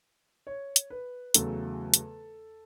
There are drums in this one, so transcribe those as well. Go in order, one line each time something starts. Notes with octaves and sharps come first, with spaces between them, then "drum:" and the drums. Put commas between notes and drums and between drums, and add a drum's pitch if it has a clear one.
C#5
drum: hi-hat
B4
E2 C#3 F#3 A3 A4, drum: hi-hat
drum: hi-hat